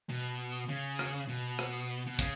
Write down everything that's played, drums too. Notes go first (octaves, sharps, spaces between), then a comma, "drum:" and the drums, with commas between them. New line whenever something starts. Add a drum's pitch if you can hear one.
B2
C#3
drum: rim click
B2
drum: rim click
B2
C#3, drum: kick